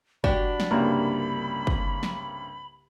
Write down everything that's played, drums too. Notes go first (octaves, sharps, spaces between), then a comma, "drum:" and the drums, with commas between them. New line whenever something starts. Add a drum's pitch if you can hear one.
D4 F#4 G4 B5, drum: kick
drum: snare
C2 G2 C#3 A#3 A#5
drum: kick
drum: snare